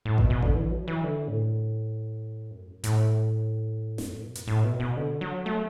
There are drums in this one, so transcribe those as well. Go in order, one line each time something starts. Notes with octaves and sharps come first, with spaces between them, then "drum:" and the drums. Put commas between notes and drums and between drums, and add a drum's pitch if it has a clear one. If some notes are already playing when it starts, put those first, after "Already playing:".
A2
B2, drum: kick A1
B2
D3, drum: kick A1
E3
F#3
E3
D3
A2
F#2
A2, drum: hi-hat
F#2, drum: snare
A2
B2
F#2, drum: hi-hat
A2
B2
B2
D3
F#3
A3